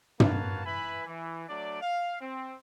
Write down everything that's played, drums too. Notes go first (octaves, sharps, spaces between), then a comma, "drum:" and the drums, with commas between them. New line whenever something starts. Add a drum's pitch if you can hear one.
A#3 F#4 B4 C#5 F5 A5, drum: tom
E3 B4 E5 G#5 B5
E3
F#3 A3 D4 D5
F5
C4